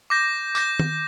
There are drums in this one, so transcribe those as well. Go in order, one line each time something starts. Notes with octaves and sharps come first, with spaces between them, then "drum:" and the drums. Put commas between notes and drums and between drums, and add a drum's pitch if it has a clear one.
D6 G6 A#6
D6 G6 A#6, drum: tambourine
drum: tom D#3